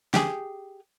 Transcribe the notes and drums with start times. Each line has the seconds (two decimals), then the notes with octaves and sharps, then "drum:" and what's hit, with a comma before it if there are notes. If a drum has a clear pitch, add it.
0.14 G4 G#4, drum: snare